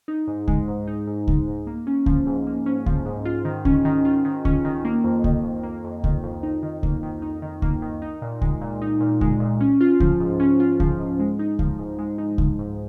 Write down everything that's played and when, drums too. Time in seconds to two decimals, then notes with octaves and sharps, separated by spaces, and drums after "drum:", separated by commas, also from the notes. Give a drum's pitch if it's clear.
0.08 D#4
0.27 G#2
0.48 G#3, drum: kick C#2
0.68 G#2
0.87 D#4
1.07 G#2
1.28 G#3, drum: kick C#2
1.47 G#2
1.67 A#3
1.87 C#4
2.06 F3, drum: kick C#2
2.26 G#2
2.47 A#3
2.66 C#4
2.86 F3, drum: kick C#2
3.06 G#2
3.25 F4
3.45 D#3
3.65 C#4, drum: kick C#2
3.85 D#3
4.05 F4
4.25 D#3
4.45 C#4, drum: kick C#2
4.65 D#3
4.85 A#3
5.04 F2
5.24 D#3, drum: kick C#2
5.44 F2
5.63 A#3
5.84 F2
6.04 D#3, drum: kick C#2
6.23 F2
6.43 D#4
6.63 D#3
6.83 A#3, drum: kick C#2
7.03 D#3
7.22 D#4
7.42 D#3
7.62 A#3, drum: kick C#2
7.82 D#3
8.02 D#4
8.22 A#2
8.42 G#3, drum: kick C#2
8.61 A#2
8.82 D#4
9.01 A#2
9.21 G#3, drum: kick C#2
9.40 A#2
9.61 C#4
9.81 F4
10.00 F3, drum: kick C#2
10.20 G#2
10.40 C#4
10.60 F4
10.80 F3, drum: kick C#2
11.00 G#2
11.19 G#3
11.39 D#4
11.59 F3, drum: kick C#2
11.79 G#2
11.99 G#3
12.18 D#4
12.38 F3, drum: kick C#2
12.59 G#2